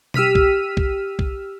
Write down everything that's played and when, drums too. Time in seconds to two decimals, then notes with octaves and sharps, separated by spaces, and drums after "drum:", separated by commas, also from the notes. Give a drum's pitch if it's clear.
0.14 G4 E6 F6 B6 D#7, drum: tom B2
0.35 drum: kick
0.77 drum: kick
1.19 drum: kick